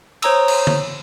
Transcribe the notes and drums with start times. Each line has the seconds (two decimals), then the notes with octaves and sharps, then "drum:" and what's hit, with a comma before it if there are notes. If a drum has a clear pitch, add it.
0.22 C5 C#5 A#5 D#6 E6, drum: cymbal
0.48 drum: cymbal
0.67 drum: tom D3